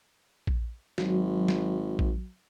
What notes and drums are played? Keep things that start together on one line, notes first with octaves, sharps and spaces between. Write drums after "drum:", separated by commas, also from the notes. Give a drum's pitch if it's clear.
drum: kick A#1
G#1 F#3, drum: snare
drum: snare
drum: kick A#1